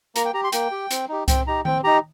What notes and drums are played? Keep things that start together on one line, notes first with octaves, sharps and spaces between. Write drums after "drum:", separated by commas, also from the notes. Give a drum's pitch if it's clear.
A#3 A#5, drum: hi-hat
G5
G4 A#5
C6
A#3 G5, drum: hi-hat
G4
C4, drum: hi-hat
D#4 G4
C4 G5, drum: kick C2, hi-hat
D#4 G4 A#5
C4 G5, drum: tom D#3
D#4 G4 A#5